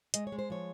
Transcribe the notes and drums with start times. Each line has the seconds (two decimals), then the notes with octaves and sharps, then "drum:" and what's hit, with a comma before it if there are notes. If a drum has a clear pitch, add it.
0.14 G#3 D#5, drum: hi-hat
0.27 C#5
0.32 G#3
0.39 C5
0.50 F3 C#5